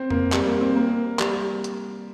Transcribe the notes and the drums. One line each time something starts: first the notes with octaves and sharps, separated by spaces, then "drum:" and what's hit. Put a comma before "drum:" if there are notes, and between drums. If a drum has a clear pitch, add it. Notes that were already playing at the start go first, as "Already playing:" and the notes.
Already playing: C4
A#3, drum: tom F2
G3, drum: clap
A#3
C4
A#3
G3, drum: clap
drum: hi-hat